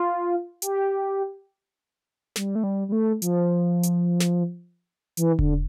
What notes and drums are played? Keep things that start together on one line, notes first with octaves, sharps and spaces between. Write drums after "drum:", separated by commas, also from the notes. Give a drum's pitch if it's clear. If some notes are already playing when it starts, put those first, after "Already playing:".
Already playing: F4
G4, drum: hi-hat
G3, drum: snare
A3
G3
G3
A3
F3, drum: hi-hat
drum: hi-hat
drum: snare
E3, drum: hi-hat
D3, drum: kick E1